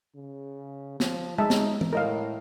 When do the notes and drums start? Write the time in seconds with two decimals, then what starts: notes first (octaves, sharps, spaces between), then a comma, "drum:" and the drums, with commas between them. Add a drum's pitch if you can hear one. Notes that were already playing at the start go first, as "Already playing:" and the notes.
0.15 C#3
1.00 F3, drum: snare
1.38 G#3 D#4 E5 A5
1.50 drum: snare
1.81 drum: tom
1.93 A2 A#4 D#5 F5